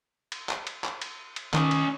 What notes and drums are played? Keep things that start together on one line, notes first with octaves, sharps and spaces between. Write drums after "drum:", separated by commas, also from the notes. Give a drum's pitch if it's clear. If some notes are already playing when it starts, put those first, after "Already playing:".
drum: cymbal
drum: clap
drum: cymbal
drum: clap
drum: cymbal
drum: cymbal
D#3 C#4 D#5, drum: clap
drum: cymbal